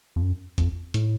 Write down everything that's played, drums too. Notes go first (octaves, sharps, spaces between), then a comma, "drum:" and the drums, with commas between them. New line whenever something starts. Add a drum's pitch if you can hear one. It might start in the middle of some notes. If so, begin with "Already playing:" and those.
F2
F#2
F2, drum: kick, hi-hat
A2, drum: hi-hat